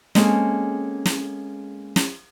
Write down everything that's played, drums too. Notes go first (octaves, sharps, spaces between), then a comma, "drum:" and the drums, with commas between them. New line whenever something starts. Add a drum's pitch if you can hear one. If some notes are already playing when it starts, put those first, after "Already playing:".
G#3 A#3 C4 C#4 G#4 A4, drum: snare
drum: snare
drum: snare